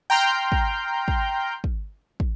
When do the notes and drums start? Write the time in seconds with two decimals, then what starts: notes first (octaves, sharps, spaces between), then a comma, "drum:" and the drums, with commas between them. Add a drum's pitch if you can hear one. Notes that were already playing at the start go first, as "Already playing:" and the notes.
0.10 G5 A#5 C6 F6 G6
0.52 drum: kick
1.08 drum: kick
1.64 drum: kick
2.20 drum: kick